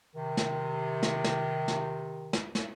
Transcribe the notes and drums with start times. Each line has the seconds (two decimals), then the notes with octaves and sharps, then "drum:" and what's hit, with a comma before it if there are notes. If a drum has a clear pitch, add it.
0.16 C3 D#3
0.37 drum: snare
1.03 drum: snare
1.24 drum: snare
1.68 drum: snare
2.33 drum: snare
2.55 drum: snare